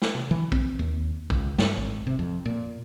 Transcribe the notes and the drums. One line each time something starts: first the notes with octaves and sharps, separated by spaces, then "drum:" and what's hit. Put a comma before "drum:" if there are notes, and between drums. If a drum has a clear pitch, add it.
drum: snare
drum: tom C3
E3
C4, drum: kick
D#2
C#2, drum: kick
G2, drum: snare
G#1
C3
F2
A#2